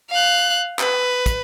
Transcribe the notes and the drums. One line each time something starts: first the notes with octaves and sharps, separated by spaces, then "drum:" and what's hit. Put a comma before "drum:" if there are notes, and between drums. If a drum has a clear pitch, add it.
F5 F#6
B4, drum: clap
drum: kick, hi-hat